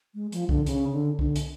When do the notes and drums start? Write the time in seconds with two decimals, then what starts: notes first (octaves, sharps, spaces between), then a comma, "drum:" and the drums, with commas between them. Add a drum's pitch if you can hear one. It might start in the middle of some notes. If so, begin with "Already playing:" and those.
0.15 G#3
0.32 F3, drum: hi-hat
0.49 D3, drum: kick C2
0.67 C#3, drum: hi-hat
0.92 D3
1.19 D3, drum: kick C2
1.36 drum: hi-hat